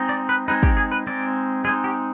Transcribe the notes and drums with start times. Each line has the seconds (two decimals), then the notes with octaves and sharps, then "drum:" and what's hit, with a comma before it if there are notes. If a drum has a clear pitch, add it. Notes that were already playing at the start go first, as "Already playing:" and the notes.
Already playing: G#3 C4 D#4
0.09 D5
0.29 B4
0.48 G#3 C4 D#4 B4
0.63 G4, drum: kick
0.77 G#4
0.92 B4
1.07 G#3 C4 D#4 D5
1.65 G#3 C4 D#4 G#4
1.84 G4